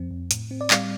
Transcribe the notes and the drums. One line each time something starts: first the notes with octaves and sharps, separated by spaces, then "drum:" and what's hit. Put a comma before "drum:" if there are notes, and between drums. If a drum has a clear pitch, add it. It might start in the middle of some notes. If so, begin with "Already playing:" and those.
Already playing: F2 F3 C4
F2
A2, drum: hi-hat
C4
D5
G3 F5, drum: clap